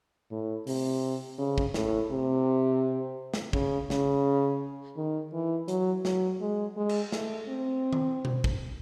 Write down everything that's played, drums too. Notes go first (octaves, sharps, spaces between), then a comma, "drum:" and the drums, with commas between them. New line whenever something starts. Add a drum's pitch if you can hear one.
A2
C3, drum: open hi-hat
C#3
drum: kick
A2, drum: snare
C3
drum: snare
C#3, drum: kick
C#3, drum: snare
D#3
E3
F#3, drum: hi-hat
F#3, drum: snare
G#3
G#3
drum: cymbal
A3, drum: snare
C4
drum: tom D#3
drum: tom B2
drum: kick